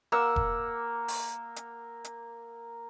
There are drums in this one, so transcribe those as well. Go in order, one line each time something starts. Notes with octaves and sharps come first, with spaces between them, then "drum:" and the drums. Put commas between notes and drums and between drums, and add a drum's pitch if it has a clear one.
A#3 F#5 E6
drum: kick E1
drum: open hi-hat
drum: hi-hat
drum: hi-hat